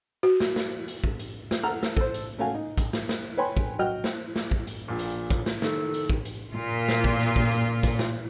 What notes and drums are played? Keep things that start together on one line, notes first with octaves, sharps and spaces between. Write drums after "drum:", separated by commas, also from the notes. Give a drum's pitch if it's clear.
F#4
drum: snare
drum: snare
drum: hi-hat
drum: kick
drum: hi-hat
drum: snare
A4 F#5 A#5 F6
drum: snare
A4 C5, drum: kick
drum: hi-hat
A3 C#4 F#4 F5 G#5
D#4
drum: kick, hi-hat
drum: snare
drum: snare
B4 C#5 G5 G#5 B5 C6
drum: kick
F#3 F#4 D#5 G5 F6
drum: snare
drum: snare
drum: kick
drum: hi-hat
A#1 A#2
drum: hi-hat
drum: kick, hi-hat
drum: snare
D#3 A4, drum: snare
drum: hi-hat
drum: kick
drum: hi-hat
A#2 F4
drum: snare
drum: kick
drum: hi-hat
drum: kick
drum: hi-hat
drum: kick, hi-hat
drum: snare